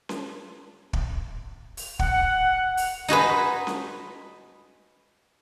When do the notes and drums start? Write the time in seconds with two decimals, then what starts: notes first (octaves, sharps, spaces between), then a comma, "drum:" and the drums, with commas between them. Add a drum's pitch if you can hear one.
0.09 drum: snare C#4
0.93 drum: kick
1.77 drum: open hi-hat
1.99 F#5, drum: kick
2.77 drum: open hi-hat
3.08 D#4 F#4 G#4 B4
3.67 drum: snare C#4